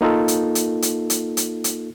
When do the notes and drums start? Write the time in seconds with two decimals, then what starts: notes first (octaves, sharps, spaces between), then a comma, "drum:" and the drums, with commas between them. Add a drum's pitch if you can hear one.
0.01 A#3 D#4 F4 A4
0.28 drum: hi-hat
0.55 drum: hi-hat
0.82 drum: hi-hat
1.10 drum: hi-hat
1.37 drum: hi-hat
1.64 drum: hi-hat